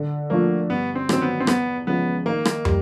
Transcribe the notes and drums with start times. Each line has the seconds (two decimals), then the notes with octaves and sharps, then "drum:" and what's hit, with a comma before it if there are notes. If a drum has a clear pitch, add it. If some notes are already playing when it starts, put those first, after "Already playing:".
Already playing: D3
0.30 F3 A3 A#3 D4 F4
0.69 G2 B3
0.95 C4
1.09 D#3 F#3 C4, drum: rim click
1.22 B3
1.40 C4
1.47 E2 B3, drum: rim click
1.87 C#3 F3 G#3 B3
2.26 D#3 A#3
2.45 drum: rim click
2.65 G3, drum: tom